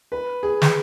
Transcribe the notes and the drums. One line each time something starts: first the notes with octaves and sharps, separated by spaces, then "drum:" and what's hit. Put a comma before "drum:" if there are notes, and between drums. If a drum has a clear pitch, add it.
B4
G#4
drum: snare